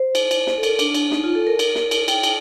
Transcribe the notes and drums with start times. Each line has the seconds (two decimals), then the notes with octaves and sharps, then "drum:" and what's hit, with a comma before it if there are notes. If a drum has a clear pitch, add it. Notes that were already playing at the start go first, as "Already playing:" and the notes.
Already playing: C5
0.15 drum: cymbal
0.31 drum: cymbal
0.47 drum: snare
0.58 A4
0.63 A#4, drum: cymbal
0.79 D4, drum: cymbal
0.94 D4, drum: cymbal
1.11 D#4, drum: snare
1.24 F4
1.35 A4
1.47 A#4
1.59 drum: cymbal
1.75 drum: snare
1.91 drum: cymbal
2.08 G5, drum: cymbal
2.23 drum: cymbal